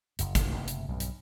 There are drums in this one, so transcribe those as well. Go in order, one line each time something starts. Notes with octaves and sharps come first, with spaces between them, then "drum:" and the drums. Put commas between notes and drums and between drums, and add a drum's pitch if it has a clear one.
F#1 F#2, drum: hi-hat
drum: kick, hi-hat
F#1 C3 A3
drum: hi-hat
B1 G2
drum: hi-hat